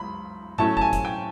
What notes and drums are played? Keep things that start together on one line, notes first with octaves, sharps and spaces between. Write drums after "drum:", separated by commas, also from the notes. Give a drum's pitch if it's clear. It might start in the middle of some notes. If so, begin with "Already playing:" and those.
Already playing: C#2 F#3 B5
A2 F#3 A3 C#4 A5, drum: tom G#2
A5, drum: kick
G#5
drum: kick, hi-hat
G5